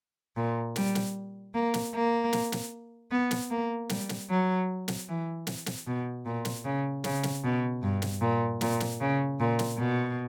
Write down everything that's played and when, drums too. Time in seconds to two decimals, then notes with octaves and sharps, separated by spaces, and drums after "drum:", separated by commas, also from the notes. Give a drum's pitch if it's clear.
0.36 A#2
0.76 G3, drum: snare
0.95 drum: snare
1.54 A#3
1.74 drum: snare
1.93 A#3
2.33 drum: snare
2.52 drum: snare
3.10 B3
3.31 drum: snare
3.50 A#3
3.89 G3, drum: snare
4.09 drum: snare
4.29 F#3
4.88 drum: snare
5.08 E3
5.47 drum: snare
5.66 drum: snare
5.86 B2
6.25 A#2
6.45 drum: snare
6.64 C#3
7.04 C#3, drum: snare
7.23 drum: snare
7.44 B2
7.82 G2
8.02 drum: snare
8.21 A#2
8.61 A#2, drum: snare
8.80 drum: snare
9.00 C#3
9.39 A#2
9.59 drum: snare
9.78 B2